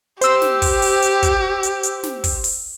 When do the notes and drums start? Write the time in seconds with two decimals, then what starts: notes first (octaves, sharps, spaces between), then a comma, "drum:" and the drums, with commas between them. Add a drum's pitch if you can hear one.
0.21 G4 C5 E6, drum: hi-hat
0.42 drum: snare
0.62 drum: kick, open hi-hat
0.82 drum: open hi-hat
1.02 drum: hi-hat
1.23 drum: kick, hi-hat
1.63 drum: hi-hat
1.83 drum: hi-hat
2.03 drum: snare
2.24 drum: kick, open hi-hat
2.44 drum: open hi-hat